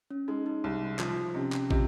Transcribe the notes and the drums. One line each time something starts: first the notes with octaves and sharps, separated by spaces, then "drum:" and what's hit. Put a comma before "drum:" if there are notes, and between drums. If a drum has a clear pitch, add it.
C#4
G#3 D#4
D#4
C2
F3 F4, drum: clap
C3 C#4
drum: clap
C3 F4, drum: kick